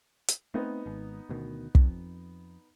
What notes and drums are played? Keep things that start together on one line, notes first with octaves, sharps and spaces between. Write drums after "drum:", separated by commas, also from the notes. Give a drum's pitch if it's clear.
drum: hi-hat
A3 B3 C4 D#4
G#1
D2 B2 D#3
F2, drum: kick